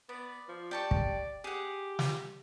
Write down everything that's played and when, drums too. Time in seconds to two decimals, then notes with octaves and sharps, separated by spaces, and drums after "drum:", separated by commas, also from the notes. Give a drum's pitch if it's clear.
0.09 B3 D5
0.48 F3
0.71 G4 D5 A5 C#6
0.91 drum: kick
1.44 G4 G#4 F#5
1.99 drum: snare